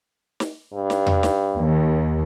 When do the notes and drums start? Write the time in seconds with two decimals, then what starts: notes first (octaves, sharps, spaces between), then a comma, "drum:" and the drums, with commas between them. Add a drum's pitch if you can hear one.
0.40 drum: snare
0.73 G2
0.90 drum: snare
1.06 drum: tom E2
1.23 drum: snare
1.57 D#2